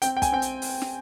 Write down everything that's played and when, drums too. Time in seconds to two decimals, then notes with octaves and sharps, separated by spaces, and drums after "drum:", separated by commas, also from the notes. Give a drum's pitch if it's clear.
0.02 C4 G5, drum: hi-hat
0.17 G5
0.22 G#5, drum: kick, hi-hat
0.32 C4 G5
0.42 drum: hi-hat
0.62 drum: open hi-hat
0.82 drum: snare